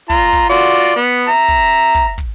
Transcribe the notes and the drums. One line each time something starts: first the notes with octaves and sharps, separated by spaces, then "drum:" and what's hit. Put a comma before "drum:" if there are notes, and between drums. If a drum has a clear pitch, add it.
F4 A#5, drum: kick
drum: kick, open hi-hat
F4 F#4 D5
drum: open hi-hat
B3
E5 A#5
drum: kick
drum: hi-hat
drum: kick
drum: kick, open hi-hat